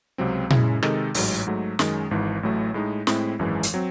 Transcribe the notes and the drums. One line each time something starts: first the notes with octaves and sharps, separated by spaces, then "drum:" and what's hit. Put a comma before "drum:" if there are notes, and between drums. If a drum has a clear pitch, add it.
C#2 C3 F#3 C4
F#2 C#3 G#3 C#4 E4, drum: tom A#2
C3 D#3 G#3 D#4 A4, drum: rim click
A1 G#2 F#3, drum: open hi-hat
G#2 F#3 A3
F#2 D#3 G#3 C#4, drum: snare
G#1 G#2 E3
A1 A2 F#3 A3
A2 G#3 D#4
A2 G#3 C4 E4, drum: snare
G#1 F#2 E3 G#3
drum: hi-hat
F#3 C4